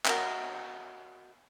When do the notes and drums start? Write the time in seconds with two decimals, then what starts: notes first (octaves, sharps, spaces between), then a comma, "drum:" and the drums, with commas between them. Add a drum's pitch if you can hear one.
0.06 F#4 A#4 D#5 E5, drum: clap